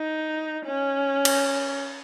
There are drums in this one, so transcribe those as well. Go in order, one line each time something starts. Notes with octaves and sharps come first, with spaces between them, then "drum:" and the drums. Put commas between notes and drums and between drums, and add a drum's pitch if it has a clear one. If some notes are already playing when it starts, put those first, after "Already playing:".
Already playing: D#4
C#4
drum: cymbal